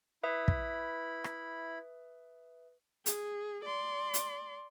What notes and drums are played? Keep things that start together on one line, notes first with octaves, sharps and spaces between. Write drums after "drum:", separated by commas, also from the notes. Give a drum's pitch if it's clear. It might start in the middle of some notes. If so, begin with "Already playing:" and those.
E4 B4 E5 B5 D#6
drum: kick
drum: rim click
G#4, drum: hi-hat
D5 C6
drum: hi-hat